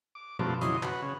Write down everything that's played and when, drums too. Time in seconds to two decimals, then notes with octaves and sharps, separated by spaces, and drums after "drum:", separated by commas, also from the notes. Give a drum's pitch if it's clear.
0.15 D6
0.39 F#2 F3 A3 B3 C4 D6, drum: tom B2
0.61 F#2 C#3 E3 D#5 C6, drum: hi-hat
0.83 F#4 B4, drum: clap
1.02 C#3